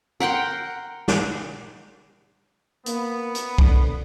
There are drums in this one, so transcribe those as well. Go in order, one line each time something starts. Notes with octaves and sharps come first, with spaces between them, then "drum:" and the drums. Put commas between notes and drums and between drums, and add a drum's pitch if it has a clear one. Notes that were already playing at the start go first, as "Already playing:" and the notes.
A#4 F#5 G5 C6
drum: snare
A#3 B3, drum: hi-hat
drum: hi-hat
D3, drum: kick